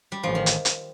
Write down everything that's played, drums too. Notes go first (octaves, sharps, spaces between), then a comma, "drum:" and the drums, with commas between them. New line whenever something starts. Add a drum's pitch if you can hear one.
G3
A1 F3
D#3
drum: hi-hat
drum: hi-hat